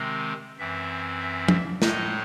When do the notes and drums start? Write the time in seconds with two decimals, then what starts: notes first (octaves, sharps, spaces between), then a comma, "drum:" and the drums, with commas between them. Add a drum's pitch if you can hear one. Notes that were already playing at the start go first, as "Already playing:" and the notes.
Already playing: C3 D#3 G#3 C4
0.58 F#2 E3 C4 E5
1.20 E5
1.48 drum: tom F3
1.82 A2 G#3 D#4 D#5, drum: snare